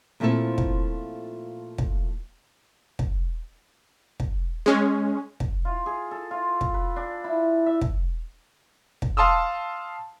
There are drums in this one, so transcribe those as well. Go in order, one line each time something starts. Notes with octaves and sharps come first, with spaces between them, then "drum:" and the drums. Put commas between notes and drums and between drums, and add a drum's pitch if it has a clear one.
A#2 F3 A3 C4 E4 A4
drum: kick
drum: kick
drum: kick
drum: kick
G#3 C#4
drum: kick
F4
G#4
A4
F4
drum: kick
B4
D4
E4
E5
drum: kick
drum: kick
F5 A5 C6 D#6 E6